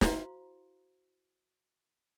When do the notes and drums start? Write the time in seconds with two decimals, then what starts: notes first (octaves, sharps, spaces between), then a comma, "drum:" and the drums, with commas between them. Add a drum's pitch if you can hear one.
0.01 E4 F#4 C5 F5 A#5 C6, drum: snare